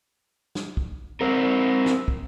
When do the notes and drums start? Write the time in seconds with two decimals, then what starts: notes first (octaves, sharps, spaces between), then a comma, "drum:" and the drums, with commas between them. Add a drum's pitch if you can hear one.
0.55 drum: snare
0.77 drum: kick
1.21 C4 A#4
1.86 drum: snare
2.08 drum: kick